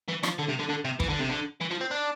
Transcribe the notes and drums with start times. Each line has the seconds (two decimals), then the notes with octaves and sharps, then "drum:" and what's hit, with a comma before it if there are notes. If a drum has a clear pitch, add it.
0.09 E3
0.23 F3, drum: rim click
0.39 D3
0.49 C3
0.59 D3
0.69 D3
0.85 C3
1.00 E3, drum: kick
1.10 D3
1.20 C3
1.30 D3
1.61 E3
1.71 F3
1.81 C4
1.91 D4